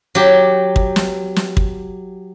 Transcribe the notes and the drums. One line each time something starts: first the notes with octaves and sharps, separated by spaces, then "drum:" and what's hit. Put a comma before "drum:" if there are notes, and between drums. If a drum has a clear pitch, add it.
F#3 G4
drum: kick
drum: snare
drum: snare
drum: kick